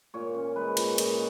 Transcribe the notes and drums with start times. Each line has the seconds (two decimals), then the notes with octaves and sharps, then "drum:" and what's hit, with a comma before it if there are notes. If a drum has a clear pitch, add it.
0.14 A#2 C#5
0.34 C#4
0.56 G#3 B4
0.77 A#2, drum: cymbal
0.98 A#2 D#5, drum: cymbal